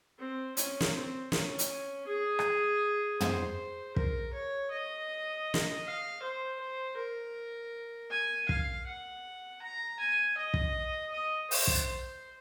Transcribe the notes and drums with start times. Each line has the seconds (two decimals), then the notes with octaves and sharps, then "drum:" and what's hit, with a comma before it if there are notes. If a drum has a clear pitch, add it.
0.19 C4
0.57 C#4, drum: hi-hat
0.81 drum: snare
0.94 C4
1.32 C#4, drum: snare
1.59 drum: hi-hat
2.07 G#4
2.39 drum: rim click
3.20 C5, drum: tom
3.96 A#4, drum: kick
4.34 C#5
4.71 D#5
5.54 drum: snare
5.85 F5
6.23 C5
6.60 C5
6.97 A#4
8.11 G#5
8.49 F5, drum: kick
8.87 F#5
9.62 A#5
10.00 G#5
10.37 D#5
10.54 drum: kick
11.13 D#5
11.51 C5, drum: open hi-hat
11.67 drum: kick